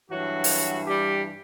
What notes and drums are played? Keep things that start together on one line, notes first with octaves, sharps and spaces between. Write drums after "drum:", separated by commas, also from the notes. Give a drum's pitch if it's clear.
G2 E3 F#3 F#4
drum: open hi-hat
G3 G4